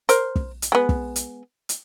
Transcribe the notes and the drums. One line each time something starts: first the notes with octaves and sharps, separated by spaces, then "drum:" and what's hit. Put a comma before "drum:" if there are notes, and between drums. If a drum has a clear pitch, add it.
A#4 C5, drum: hi-hat
drum: kick
drum: hi-hat
G#3 B3
drum: kick
drum: hi-hat
drum: hi-hat